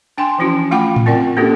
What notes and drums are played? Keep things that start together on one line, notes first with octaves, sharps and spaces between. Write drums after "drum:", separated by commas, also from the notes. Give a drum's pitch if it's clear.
D4 G5 G#5 C6
E3 F3 C#4 E4 F#4
A3 F4 F#5 G5 B5 D6
drum: tom A2
C4 F4 A#4 D5 F#5 G5
A#3 C#4 D4 F#4 G4 A4